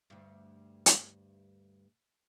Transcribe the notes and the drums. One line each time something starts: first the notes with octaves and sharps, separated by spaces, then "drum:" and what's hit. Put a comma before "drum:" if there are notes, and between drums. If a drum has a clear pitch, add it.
D2 G2
drum: hi-hat